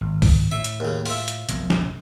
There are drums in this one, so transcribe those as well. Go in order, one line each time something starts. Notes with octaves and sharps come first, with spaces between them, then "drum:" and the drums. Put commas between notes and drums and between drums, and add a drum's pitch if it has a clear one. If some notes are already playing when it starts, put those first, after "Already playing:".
G#1
drum: kick C2, open hi-hat
A2 E5
drum: hi-hat
D#2 C#3
F4 E5, drum: open hi-hat
drum: hi-hat
F1 B1 F#2, drum: hi-hat
drum: snare